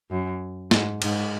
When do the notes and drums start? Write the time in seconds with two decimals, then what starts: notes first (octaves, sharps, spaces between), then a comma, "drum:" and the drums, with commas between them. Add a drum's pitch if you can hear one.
0.11 F#2
0.71 G#2, drum: snare
1.02 G#2, drum: cymbal